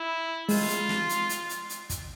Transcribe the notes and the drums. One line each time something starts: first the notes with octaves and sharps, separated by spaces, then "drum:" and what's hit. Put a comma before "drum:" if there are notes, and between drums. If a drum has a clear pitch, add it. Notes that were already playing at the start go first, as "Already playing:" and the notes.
Already playing: E4
G#3 F4, drum: open hi-hat
drum: hi-hat
drum: snare
drum: hi-hat
drum: hi-hat
drum: hi-hat
drum: hi-hat
drum: kick, hi-hat